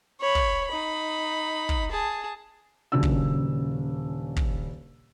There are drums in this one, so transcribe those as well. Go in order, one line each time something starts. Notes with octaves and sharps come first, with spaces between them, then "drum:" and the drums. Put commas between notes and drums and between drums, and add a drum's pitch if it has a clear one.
C#5 B5
drum: kick
D#4 B5
drum: kick
G#4 A5
D#1 C#3 F#3 D4 E6
drum: kick
drum: kick